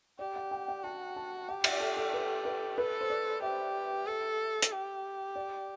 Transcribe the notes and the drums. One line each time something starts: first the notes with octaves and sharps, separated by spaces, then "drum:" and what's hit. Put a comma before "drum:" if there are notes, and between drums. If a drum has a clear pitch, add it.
G4 D5
F#5
G5
F#5
F#4 A5
A5
G4 F#5
E5, drum: cymbal
A4
A4
B4
B4
A4 B4
C5
D5
G4 E5
A4
drum: hi-hat
G4
D5